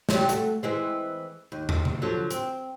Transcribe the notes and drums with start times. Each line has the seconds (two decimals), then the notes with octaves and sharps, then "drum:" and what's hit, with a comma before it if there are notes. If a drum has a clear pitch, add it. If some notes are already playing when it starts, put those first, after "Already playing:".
0.09 C3 F#3 G3, drum: snare
0.29 A3 F#4, drum: hi-hat
0.63 E3 G#3 C4
1.52 D#2
1.69 drum: tom
1.85 drum: tom C3
2.02 D3 F3 F#3
2.31 C4, drum: hi-hat